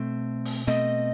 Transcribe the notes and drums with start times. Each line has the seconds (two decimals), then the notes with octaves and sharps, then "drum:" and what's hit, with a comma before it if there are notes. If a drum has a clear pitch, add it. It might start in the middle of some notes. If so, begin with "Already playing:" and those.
Already playing: B2 A3 C4
0.45 drum: open hi-hat
0.67 B2 A3 C4 D#5